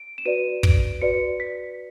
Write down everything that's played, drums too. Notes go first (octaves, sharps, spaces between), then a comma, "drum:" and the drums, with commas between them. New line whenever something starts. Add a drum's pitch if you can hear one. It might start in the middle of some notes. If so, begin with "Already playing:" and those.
Already playing: D7
E7
F#4 B4 D5 D#7
D7, drum: kick
F#4 B4 D5 C#7
B6